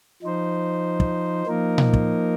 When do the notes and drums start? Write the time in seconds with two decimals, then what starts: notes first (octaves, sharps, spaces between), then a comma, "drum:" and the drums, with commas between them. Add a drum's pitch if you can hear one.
0.22 F3 D#4 C5
1.00 drum: kick
1.46 F3 A#3 D#4 A#4
1.78 drum: tom A#2
1.93 drum: kick